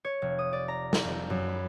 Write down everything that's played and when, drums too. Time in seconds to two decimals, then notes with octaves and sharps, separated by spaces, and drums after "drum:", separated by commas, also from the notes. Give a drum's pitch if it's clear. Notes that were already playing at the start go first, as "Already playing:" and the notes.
0.05 C#5
0.22 F1
0.39 D#6
0.53 D5
0.68 A#5
0.93 drum: snare
1.04 F2
1.30 F#2
1.49 B5